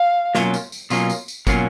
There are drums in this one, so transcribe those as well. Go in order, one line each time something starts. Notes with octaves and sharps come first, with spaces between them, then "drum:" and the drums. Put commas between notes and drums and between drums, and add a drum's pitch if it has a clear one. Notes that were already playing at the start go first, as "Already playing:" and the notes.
Already playing: F5
B2 F#3 A#3 C#4 F4, drum: snare
drum: tambourine
drum: tambourine
B2 F#3 A#3 C#4 F4, drum: tambourine
drum: tambourine
drum: tambourine
B2 F#3 A#3 C#4 F4, drum: kick, tambourine